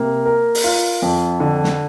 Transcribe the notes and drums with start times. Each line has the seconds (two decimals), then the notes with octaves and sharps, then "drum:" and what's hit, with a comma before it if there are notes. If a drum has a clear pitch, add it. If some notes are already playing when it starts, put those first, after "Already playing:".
Already playing: C3 A#3
0.26 A#4
0.55 drum: open hi-hat
0.64 F4
1.02 F2
1.40 D3
1.64 drum: snare